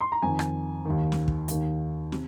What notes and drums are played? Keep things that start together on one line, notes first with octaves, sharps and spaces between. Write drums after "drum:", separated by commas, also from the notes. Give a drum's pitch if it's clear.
C6
A#5
F2 D#3 G#5
drum: rim click
D#2 D#3
drum: snare
drum: kick
D#2 D#3, drum: hi-hat
C3, drum: snare